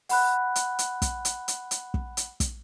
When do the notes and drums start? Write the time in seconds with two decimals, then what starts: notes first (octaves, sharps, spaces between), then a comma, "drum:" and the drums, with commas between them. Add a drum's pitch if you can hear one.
0.09 F#5 B5 F#6, drum: open hi-hat
0.56 drum: hi-hat
0.79 drum: hi-hat
1.02 drum: kick, hi-hat
1.25 drum: hi-hat
1.48 drum: hi-hat
1.71 drum: hi-hat
1.94 drum: kick
2.17 drum: hi-hat
2.40 drum: kick, hi-hat